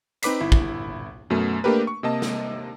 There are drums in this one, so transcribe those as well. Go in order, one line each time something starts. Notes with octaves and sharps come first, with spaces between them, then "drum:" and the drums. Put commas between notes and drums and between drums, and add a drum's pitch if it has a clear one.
C4 D#4 B4 D6 B6 C7, drum: hi-hat
G1 E4
drum: kick
F#2 B2 A3
A3 A#3 D4 G4 A#4 B4
C#6
C3 A#3 D#5 A5
drum: snare